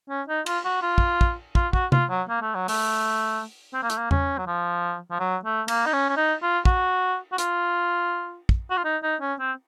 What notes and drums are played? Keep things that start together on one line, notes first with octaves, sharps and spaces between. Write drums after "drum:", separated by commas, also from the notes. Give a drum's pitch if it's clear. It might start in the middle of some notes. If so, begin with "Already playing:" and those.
C#4
D#4
F4, drum: cymbal
F#4
F4
drum: kick
drum: kick
F4, drum: kick
F#4, drum: kick
F4, drum: tom C3
F#3
A#3
A3
F#3
A3, drum: open hi-hat
C4
A#3
A3, drum: hi-hat
A#3
C#4, drum: tom E2
F#3
F3
F3
F#3
A3
A#3, drum: cymbal
D#4
C#4
C#4
D#4
F4
F#4, drum: kick
F#4
F4, drum: hi-hat
drum: kick
F#4
F4
D#4
D#4
C#4
C4